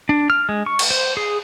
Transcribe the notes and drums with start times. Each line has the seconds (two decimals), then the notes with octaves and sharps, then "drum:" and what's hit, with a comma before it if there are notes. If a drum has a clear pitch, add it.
0.09 D4
0.30 F6
0.49 G#3
0.66 C#6
0.79 drum: cymbal
0.91 C5
1.17 G#4